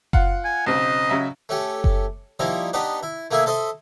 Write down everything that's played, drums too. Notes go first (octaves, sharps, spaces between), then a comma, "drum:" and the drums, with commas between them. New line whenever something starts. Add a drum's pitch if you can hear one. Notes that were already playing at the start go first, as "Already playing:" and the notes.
F4 F#5, drum: kick F#1
G#5
B1 C#3 C4 D#5
C#3 F#3 E5
A3 C#4 G4
drum: kick F#1
F3 G3 A#3 D#4 E4
B3 D4 D#4 G4 B4
E4
A3 A#3 E4 G#4 E5
A4 C5 D#5 E5